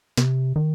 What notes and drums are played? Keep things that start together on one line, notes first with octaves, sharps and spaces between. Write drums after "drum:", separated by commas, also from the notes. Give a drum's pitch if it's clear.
C3, drum: snare
D#3